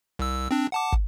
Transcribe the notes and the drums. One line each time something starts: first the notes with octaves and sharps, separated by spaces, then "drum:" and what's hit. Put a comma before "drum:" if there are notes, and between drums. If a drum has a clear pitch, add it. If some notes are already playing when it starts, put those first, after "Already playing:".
C2 E6
C4 D4
F#5 A5 D6
drum: kick